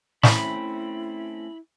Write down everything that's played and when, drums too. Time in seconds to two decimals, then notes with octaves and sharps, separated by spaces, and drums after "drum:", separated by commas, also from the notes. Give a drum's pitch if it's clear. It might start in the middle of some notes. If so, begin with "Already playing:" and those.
0.23 A3 C4 C#4 E4 B5, drum: snare